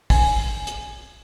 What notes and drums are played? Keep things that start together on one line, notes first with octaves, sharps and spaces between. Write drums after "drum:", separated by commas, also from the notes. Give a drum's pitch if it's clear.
G#5, drum: kick, open hi-hat
drum: hi-hat